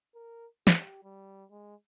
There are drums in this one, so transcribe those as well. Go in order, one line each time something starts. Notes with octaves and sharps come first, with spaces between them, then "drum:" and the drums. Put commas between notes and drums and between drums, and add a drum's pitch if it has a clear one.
A#4
G4, drum: snare
G3
G#3